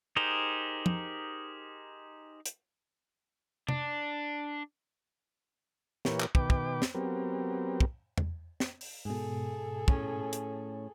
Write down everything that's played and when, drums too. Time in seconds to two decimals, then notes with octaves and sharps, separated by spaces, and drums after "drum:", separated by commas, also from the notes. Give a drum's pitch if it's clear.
0.16 D#4 G4 G#4 A#4 C5
0.86 drum: tom
2.46 drum: hi-hat
3.69 D4, drum: tom C3
6.05 A#2 E3 G4 A#4 B4 C#5, drum: snare
6.20 drum: clap
6.35 B2 D#3 B4 G5 D6, drum: kick
6.50 drum: kick
6.82 drum: snare
6.95 F#3 B3 C4 G4 A#4
7.80 drum: kick
8.18 drum: tom
8.60 drum: snare
8.81 drum: open hi-hat
9.05 G#2 B2 G#4 A4
9.88 A2 C#4, drum: kick
10.33 drum: hi-hat